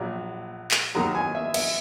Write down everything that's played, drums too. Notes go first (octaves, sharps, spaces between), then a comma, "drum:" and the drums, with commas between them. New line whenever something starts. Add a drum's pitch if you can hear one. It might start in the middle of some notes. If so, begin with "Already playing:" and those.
Already playing: A#1 A#2 F#3
drum: clap
D#2 D#3 F#3 A#5
G#5
E5
E5, drum: cymbal